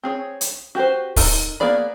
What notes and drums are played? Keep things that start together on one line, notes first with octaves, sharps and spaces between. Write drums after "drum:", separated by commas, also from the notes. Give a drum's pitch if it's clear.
C4 G#4 C#5
drum: hi-hat
F#4 G4 B4 C5
D#4 A4 A#4, drum: kick, open hi-hat
A#3 B3 G#4 D5 B5